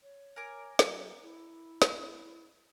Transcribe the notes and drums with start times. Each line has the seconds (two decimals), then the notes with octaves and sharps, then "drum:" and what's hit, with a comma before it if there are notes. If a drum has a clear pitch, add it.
0.03 C#5
0.36 A#4 G#5 D6
0.79 F#3, drum: snare
1.22 E4
1.82 drum: snare